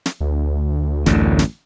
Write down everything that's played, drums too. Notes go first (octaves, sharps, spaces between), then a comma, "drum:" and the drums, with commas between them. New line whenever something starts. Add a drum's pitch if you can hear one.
drum: snare
D2
A1 F#2 D3, drum: snare
drum: snare